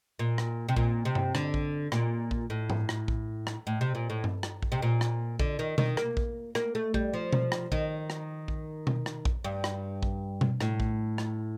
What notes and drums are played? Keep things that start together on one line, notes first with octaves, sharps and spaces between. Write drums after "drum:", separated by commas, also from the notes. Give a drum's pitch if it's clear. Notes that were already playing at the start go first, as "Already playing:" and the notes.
A#2
drum: rim click
C3
A#2, drum: kick A#1
C3
drum: tom G2
D3, drum: rim click
drum: kick A#1
A#2, drum: rim click
drum: kick A#1
A2
drum: tom G#2
drum: rim click
drum: kick A#1
drum: rim click
A2
C3
A#2
A2
drum: tom G2
drum: rim click
drum: kick A#1
C3
A#2
drum: rim click
D3, drum: kick A#1
D#3
D#3, drum: tom B2
A#3, drum: rim click
drum: kick A#1
A#3, drum: rim click
A3
G3, drum: kick A#1
F3
drum: tom B2
drum: rim click
D#3, drum: kick A#1
drum: rim click
drum: kick A#1
drum: tom B2
drum: rim click
drum: kick A#1
G2
drum: rim click
drum: kick A#1
drum: tom B2
A2, drum: rim click
drum: kick A#1
drum: rim click